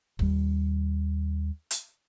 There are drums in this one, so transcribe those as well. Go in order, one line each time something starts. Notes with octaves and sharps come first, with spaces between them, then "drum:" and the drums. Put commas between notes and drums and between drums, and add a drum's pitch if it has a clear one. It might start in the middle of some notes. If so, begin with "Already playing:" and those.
D#2 G3, drum: kick
drum: hi-hat